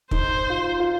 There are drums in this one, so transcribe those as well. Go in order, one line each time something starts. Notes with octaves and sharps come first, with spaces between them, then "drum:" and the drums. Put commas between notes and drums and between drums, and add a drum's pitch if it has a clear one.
D#4 C5, drum: kick
F4
F4